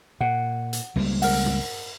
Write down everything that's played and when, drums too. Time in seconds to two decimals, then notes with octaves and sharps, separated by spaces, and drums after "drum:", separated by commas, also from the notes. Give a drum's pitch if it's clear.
0.21 A#2 F#5
0.73 drum: hi-hat
0.96 C#2 G3 A#3, drum: cymbal
1.22 A#4 F#5, drum: open hi-hat
1.46 drum: tom